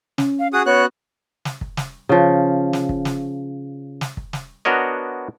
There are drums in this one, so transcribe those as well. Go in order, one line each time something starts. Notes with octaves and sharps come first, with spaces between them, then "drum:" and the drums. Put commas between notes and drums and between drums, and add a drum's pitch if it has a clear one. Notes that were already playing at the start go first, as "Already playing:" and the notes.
C#4, drum: snare
F5
F#4 G#4 D#6 F#6
B3 F#4 C#5 F#6
drum: snare
drum: kick
drum: snare
C#3 F3
drum: snare
drum: kick
drum: snare
drum: snare
drum: kick
drum: snare
B3 D4 F#4 A#4 C#5 D#5